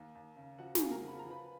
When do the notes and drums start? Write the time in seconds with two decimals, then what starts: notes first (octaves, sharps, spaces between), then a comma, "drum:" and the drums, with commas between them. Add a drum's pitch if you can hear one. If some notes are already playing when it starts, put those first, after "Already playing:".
Already playing: D#2
0.15 D#2
0.36 C#3
0.58 F3 F#4 F#5
0.75 G#4 G#5, drum: snare
0.80 C#3
0.91 A#4 A#5
1.03 F3 B5
1.19 F3 A#5
1.30 B4 B5